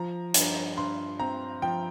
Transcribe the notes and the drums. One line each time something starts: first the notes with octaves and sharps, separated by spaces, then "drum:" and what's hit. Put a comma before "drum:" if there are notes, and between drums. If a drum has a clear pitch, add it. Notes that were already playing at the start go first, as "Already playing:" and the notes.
Already playing: F3 A#5
G2, drum: hi-hat
G2 C6
C4 A#5
F3 G5